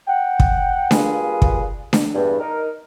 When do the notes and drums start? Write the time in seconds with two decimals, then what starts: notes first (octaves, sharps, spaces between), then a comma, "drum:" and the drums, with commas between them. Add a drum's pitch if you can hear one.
0.08 F#5 G5
0.40 drum: kick
0.91 G3 A#3 F4 G#4 B4, drum: snare D4
1.42 drum: kick
1.93 drum: snare D4
2.14 E2 G2
2.41 D#4 A#4